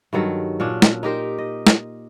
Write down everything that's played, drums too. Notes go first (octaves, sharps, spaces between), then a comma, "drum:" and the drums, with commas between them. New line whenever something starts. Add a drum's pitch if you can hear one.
G2 D#3 F#3 A4
A#2 C#4 D4 F#4
drum: snare
D#4 G4 A#4 C5
D#5
drum: snare